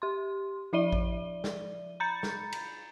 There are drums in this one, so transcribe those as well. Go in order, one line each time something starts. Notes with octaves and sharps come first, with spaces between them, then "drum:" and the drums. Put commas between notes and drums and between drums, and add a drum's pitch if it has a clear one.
G4 C6
F3 E4 D5 E5 D#7 G7
drum: kick A1
drum: snare
A#5 B5 G6 A6 C#7
drum: snare
drum: cymbal